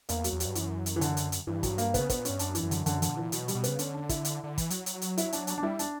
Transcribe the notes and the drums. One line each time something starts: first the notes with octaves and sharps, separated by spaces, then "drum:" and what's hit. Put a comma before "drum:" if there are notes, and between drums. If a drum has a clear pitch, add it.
E2 A#3, drum: hi-hat
F#3, drum: hi-hat
E2
F#3, drum: hi-hat
G2
F#2 E3, drum: hi-hat
drum: hi-hat
E3
D3, drum: hi-hat
drum: hi-hat
drum: hi-hat
G2 E3
F#3, drum: kick, hi-hat
A#3, drum: hi-hat
B3, drum: kick, hi-hat
C#3
B2 B3, drum: kick, hi-hat
A#2
G2 C#4, drum: hi-hat
F#2 D4, drum: hi-hat
E3, drum: hi-hat
F#2
D3, drum: hi-hat
F#2 D3, drum: hi-hat
D3, drum: hi-hat
A#2
E3
B2 F#3, drum: hi-hat
G3, drum: hi-hat
B2
C#3 B3, drum: hi-hat
D3 C#4, drum: hi-hat
D4
E4, drum: kick, hi-hat
drum: hi-hat
D3
E3, drum: kick, hi-hat
F#3, drum: hi-hat
drum: hi-hat
drum: hi-hat
E4, drum: hi-hat
D4, drum: hi-hat
D4, drum: hi-hat
D4
G3 E4
D4, drum: hi-hat